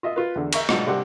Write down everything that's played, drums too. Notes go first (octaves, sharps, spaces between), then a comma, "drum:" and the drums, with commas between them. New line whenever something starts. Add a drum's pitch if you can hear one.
F4 D#5 E5
F4 B4
E2 D3
E5 A#5 C#6, drum: cymbal
G#2 B2 F#3 D4 F4, drum: rim click
C3 G3 C4 D4 F#5 D6